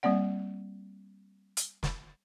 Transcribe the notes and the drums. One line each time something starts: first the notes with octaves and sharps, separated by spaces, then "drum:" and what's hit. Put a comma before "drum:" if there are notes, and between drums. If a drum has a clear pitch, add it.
G3 A#3 C4 D5 F#5
drum: hi-hat
drum: snare